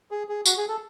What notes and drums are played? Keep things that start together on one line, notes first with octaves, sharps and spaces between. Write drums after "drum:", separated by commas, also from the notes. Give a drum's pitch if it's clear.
G#4
G#4
F#4, drum: tambourine
G#4
A4